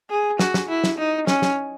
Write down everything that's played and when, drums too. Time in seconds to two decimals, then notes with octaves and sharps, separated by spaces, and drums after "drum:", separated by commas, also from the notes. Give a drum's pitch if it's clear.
0.10 G#4
0.39 F#4, drum: snare
0.54 drum: snare
0.69 E4
0.84 drum: snare
0.98 D#4
1.27 C#4, drum: snare
1.42 drum: snare